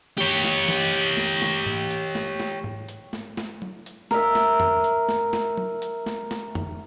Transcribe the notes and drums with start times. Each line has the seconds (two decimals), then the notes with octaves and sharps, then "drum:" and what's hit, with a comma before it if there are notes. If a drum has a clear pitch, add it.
0.18 G4 C#5, drum: snare
0.44 drum: snare
0.68 drum: tom E3
0.93 drum: hi-hat
1.17 drum: snare
1.42 drum: snare
1.66 drum: tom G#2
1.91 drum: hi-hat
2.15 drum: snare
2.40 drum: snare
2.64 drum: tom G#2
2.89 drum: hi-hat
3.13 drum: snare
3.37 drum: snare
3.62 drum: tom F#3
3.86 drum: hi-hat
4.11 A#4 E5, drum: snare
4.35 drum: snare
4.60 drum: tom F2
4.84 drum: hi-hat
5.09 drum: snare
5.33 drum: snare
5.57 drum: tom F#3
5.82 drum: hi-hat
6.06 drum: snare
6.31 drum: snare
6.55 drum: tom F2